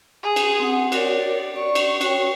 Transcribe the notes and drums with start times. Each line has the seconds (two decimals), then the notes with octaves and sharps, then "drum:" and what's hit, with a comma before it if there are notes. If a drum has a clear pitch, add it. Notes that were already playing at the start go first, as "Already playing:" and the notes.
0.23 G#4
0.36 drum: cymbal
0.60 C4 F#5
0.92 F#4 A#4 C#5 D5, drum: cymbal
1.56 D5 C#6
1.75 drum: cymbal
2.01 F#4 C#5 G5, drum: cymbal